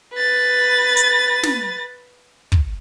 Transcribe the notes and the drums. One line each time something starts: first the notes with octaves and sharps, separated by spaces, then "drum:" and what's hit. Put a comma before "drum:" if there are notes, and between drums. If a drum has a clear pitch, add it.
B4 A6
drum: hi-hat
drum: snare
drum: kick